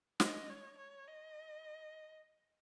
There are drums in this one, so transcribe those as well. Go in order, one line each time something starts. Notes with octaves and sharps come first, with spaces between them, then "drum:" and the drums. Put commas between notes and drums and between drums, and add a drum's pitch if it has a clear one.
D#5, drum: snare
C#5
C#5
D#5